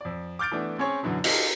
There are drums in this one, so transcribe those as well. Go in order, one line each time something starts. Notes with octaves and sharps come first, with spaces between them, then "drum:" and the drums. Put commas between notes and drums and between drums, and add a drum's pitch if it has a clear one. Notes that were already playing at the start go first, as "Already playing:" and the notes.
F2 D5
D6 F6 G6 A6 D7
E3 A3 B3 D4
C4 C#4 G#4 C#5
F#2 B2 D3 E3 F#3
D#4 F4 G4 A4 A#4, drum: cymbal